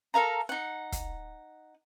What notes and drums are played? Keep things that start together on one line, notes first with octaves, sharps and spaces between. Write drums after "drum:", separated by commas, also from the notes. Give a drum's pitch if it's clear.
A4 A#4 F5 A#5
D#4 F#5
drum: kick, hi-hat